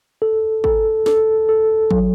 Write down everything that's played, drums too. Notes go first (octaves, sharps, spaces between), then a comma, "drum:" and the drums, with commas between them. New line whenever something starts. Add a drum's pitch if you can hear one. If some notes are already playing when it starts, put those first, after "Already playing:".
A4
A4, drum: kick
A4, drum: snare
A4
F#3, drum: kick